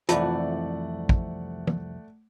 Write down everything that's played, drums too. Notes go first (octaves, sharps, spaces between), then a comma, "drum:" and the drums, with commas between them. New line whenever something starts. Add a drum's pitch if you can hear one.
C2 F2 E3 A3 F4 D5 F#5 A5, drum: hi-hat
drum: kick
drum: tom